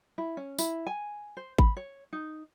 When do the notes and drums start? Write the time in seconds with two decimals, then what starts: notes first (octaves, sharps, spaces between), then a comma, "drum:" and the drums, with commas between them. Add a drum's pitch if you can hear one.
0.18 E4
0.37 C#4
0.59 E4, drum: tambourine
0.87 G#5
1.37 C5
1.58 B5, drum: kick G#1
1.77 C#5
2.13 D#4